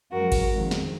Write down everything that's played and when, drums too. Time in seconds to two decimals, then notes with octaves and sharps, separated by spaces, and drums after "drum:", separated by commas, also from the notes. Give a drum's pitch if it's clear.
0.11 F#2 F3 G#3 F#4 A#4
0.32 drum: kick G#1, cymbal
0.51 F2 D#3 G#3
0.71 drum: snare